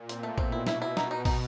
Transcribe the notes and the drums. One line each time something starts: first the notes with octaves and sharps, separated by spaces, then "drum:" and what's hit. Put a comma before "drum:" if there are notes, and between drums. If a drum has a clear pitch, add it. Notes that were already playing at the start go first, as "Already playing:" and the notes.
Already playing: A#2
C4, drum: hi-hat
A3
B2 C4, drum: kick
E4
B2 E4, drum: snare
E4
D#4, drum: snare
D#4
D#4, drum: kick, open hi-hat